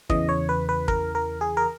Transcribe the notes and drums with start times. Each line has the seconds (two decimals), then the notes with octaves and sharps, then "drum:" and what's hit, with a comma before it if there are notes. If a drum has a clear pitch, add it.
0.10 E2 C#3 E3 D#5, drum: kick
0.29 C#5
0.49 B4
0.69 B4
0.88 A#4, drum: kick
1.15 A#4
1.41 G#4
1.57 A#4